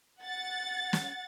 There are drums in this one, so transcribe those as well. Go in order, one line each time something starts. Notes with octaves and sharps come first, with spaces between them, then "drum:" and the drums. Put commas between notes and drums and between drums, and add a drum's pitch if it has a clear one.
F#5 A6
drum: snare